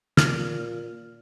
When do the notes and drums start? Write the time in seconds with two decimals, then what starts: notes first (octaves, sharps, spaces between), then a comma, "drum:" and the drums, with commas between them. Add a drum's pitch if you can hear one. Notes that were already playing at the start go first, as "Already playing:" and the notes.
0.17 A#2 F6, drum: snare